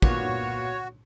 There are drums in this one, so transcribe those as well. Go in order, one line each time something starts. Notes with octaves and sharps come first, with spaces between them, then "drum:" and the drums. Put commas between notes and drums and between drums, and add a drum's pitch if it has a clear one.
A#2 B3 F4 F#4 C#5, drum: kick